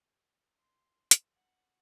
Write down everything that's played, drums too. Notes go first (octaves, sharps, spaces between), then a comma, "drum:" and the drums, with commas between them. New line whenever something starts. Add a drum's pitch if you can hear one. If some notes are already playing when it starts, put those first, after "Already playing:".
C6
drum: hi-hat
F#5